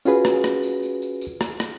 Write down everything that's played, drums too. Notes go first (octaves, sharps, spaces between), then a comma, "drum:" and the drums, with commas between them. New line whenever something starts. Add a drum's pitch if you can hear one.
C#4 F4 F#4 G#4 B4, drum: tambourine
drum: rim click
drum: rim click
drum: tambourine
drum: tambourine
drum: tambourine
drum: tambourine
drum: rim click
drum: rim click